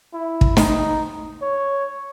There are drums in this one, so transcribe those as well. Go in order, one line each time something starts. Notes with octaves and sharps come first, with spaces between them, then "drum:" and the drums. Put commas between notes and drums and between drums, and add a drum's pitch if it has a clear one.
E4
drum: kick
D#4, drum: snare
C#5